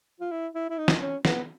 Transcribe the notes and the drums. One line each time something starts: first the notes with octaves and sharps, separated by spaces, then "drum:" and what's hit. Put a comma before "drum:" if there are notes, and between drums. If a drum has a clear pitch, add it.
F4
E4
E4
E4
D#4
drum: snare
C#4
B3, drum: snare